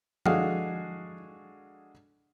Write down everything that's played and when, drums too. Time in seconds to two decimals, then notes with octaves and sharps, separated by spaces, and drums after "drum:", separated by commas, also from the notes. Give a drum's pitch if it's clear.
0.26 G#3 D4 F#4 G#4 A4 F5, drum: tom F3